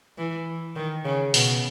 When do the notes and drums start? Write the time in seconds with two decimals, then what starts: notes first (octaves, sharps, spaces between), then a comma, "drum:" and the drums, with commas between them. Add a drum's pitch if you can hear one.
0.18 E3
0.76 D#3
1.05 C#3
1.34 B2, drum: open hi-hat